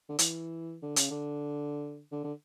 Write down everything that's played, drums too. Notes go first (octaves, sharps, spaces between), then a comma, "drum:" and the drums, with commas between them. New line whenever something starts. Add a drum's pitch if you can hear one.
D3
E3, drum: hi-hat
D3
C#3, drum: hi-hat
D3
D3
D3